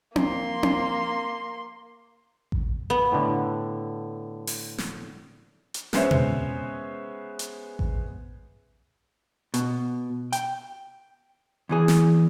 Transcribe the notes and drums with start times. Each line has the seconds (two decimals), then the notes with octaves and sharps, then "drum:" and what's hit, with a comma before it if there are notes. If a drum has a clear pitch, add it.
0.16 A#3 C6, drum: tom C4
0.63 drum: tom C4
2.52 drum: kick A1
2.90 B3
3.12 A2 D3
4.47 drum: open hi-hat
4.78 drum: snare
5.74 drum: hi-hat
5.93 G#3 B3 C#4 C5 C#5 E5, drum: snare
6.11 drum: tom B2
7.39 drum: hi-hat
7.79 drum: kick A1
9.54 B2, drum: hi-hat
10.32 G5, drum: hi-hat
11.69 E2 E3 G#4
11.88 drum: snare